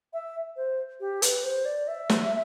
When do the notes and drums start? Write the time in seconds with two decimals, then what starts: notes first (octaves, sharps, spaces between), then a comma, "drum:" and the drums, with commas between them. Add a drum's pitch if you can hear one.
0.13 E5
0.56 C5
1.01 G4
1.22 B4, drum: hi-hat
1.44 C5
1.65 D5
1.88 E5
2.09 drum: snare